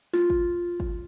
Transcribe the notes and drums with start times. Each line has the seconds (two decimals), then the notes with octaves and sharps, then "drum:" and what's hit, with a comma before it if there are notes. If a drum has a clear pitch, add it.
0.13 F4, drum: snare
0.30 drum: kick
0.80 drum: kick